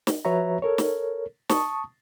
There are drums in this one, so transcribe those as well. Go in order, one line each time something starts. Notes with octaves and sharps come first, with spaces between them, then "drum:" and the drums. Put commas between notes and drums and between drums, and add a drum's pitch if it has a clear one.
drum: snare
F3 F#4 B4 C#5 E5 A#5
A4 A#4 C#5
drum: snare
A5 C#6 D#6, drum: snare